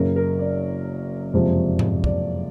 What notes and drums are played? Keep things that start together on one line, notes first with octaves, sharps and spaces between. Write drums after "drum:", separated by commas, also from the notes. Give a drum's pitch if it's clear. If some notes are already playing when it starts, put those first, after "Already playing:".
Already playing: F#1 F#2 C#3 A#4
A#4
D5
F#1 F2 C3 F3 G#3
drum: tom G#2
D5, drum: kick